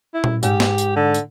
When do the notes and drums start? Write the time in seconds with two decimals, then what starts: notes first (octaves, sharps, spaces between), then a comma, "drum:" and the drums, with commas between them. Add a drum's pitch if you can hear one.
0.14 E4
0.24 drum: tom A#2
0.43 G#2 G4, drum: tambourine
0.60 drum: snare
0.78 drum: tambourine
0.96 D3
1.14 drum: tambourine